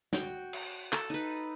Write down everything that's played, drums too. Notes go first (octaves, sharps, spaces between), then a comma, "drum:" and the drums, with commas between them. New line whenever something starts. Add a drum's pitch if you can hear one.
F#4 G5, drum: snare
drum: cymbal
A4, drum: clap
D#4 B4